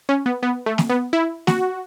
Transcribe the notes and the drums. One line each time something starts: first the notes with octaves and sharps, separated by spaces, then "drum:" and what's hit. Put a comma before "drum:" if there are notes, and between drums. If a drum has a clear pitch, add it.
C#4
B3
B3
A3
drum: snare
B3
E4
F#4, drum: snare